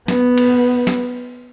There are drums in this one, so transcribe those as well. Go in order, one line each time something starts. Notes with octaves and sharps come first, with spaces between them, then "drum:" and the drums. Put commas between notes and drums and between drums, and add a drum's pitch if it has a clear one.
B3, drum: snare
drum: cymbal
drum: snare